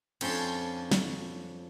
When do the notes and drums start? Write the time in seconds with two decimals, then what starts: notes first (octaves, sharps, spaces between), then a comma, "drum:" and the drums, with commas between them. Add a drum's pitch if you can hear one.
0.21 F2 F3 C#4 D4 C6, drum: cymbal
0.91 drum: snare